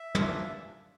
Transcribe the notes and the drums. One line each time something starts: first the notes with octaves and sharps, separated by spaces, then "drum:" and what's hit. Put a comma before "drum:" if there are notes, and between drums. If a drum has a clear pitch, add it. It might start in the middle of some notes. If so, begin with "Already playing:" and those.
Already playing: E5
C3 E3 A#3 D4 F4, drum: tom